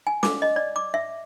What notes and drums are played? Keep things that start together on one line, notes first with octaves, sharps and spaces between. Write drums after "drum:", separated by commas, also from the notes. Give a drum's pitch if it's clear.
G#5
D6, drum: snare
D#5
D5
D6
E5